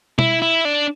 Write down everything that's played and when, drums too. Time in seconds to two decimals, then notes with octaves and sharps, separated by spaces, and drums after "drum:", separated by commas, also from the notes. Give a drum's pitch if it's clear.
0.19 E4, drum: tom B2
0.42 E4
0.65 D4